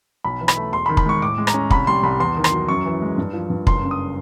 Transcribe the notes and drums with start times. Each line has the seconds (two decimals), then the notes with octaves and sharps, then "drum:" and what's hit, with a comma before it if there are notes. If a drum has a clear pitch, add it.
0.24 B1 B5
0.41 E3
0.48 B5, drum: rim click
0.57 A3
0.73 E1 C6
0.86 B5
0.89 D#3
0.97 B5, drum: kick
1.06 G#3 C#6
1.21 A2 D6
1.38 G#3
1.47 A#5, drum: rim click
1.54 C#4
1.71 C2 B5, drum: kick
1.87 G3 C6
2.03 C2 B5
2.19 E2 C6
2.37 D#3
2.44 C6, drum: rim click
2.52 F#3
2.68 F#2 C#6
2.86 E3
3.02 G#3
3.18 G2
3.33 F3
3.50 G2
3.67 F#1 C6, drum: kick
3.83 C#3
3.91 D#6